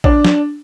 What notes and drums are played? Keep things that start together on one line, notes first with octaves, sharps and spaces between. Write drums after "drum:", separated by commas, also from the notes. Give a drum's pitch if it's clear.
D4, drum: kick
drum: snare